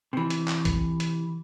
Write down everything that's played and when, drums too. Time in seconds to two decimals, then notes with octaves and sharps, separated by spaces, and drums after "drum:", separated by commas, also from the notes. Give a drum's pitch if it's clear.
0.13 C3 E3
0.30 drum: hi-hat
0.48 drum: clap
0.65 drum: kick, hi-hat
1.00 drum: hi-hat